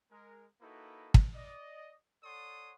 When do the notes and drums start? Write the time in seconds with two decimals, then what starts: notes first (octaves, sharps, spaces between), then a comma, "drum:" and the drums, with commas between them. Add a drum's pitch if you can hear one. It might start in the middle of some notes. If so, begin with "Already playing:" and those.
0.11 G#3 A#4
0.61 A#3 D#4 E4 F#4 A4 B4
1.14 drum: kick
1.34 D5 D#5
2.23 A4 C#5 D5 F#5 C6 D#6